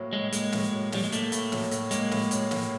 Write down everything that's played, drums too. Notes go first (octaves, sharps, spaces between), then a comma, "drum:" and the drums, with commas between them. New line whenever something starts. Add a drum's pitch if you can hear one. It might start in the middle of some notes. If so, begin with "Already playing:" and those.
Already playing: A2 F#3 A#3
A2 G#3
G#3 A#3, drum: hi-hat
A2, drum: snare
F#3
A2 G3, drum: snare
G#3
A3 A#3, drum: hi-hat
A2, drum: hi-hat
F#3, drum: snare
A2, drum: hi-hat
G#3 A#3, drum: hi-hat
A2, drum: snare
F#3, drum: hi-hat
A2, drum: snare